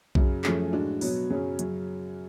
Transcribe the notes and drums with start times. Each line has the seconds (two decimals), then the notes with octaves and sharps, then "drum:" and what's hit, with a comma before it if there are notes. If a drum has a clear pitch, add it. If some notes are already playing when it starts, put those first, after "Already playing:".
0.15 F#2 C#3 F#3, drum: kick B1
0.44 F#2 F3 A3 C#4 G#4, drum: clap
0.72 A2 G#3 D4 F#4
1.01 B2 F#3 B3 F#4 C#5, drum: open hi-hat
1.30 F#2 C#3 F#3 C#4 G#4
1.59 F#2 C#3 F#3, drum: hi-hat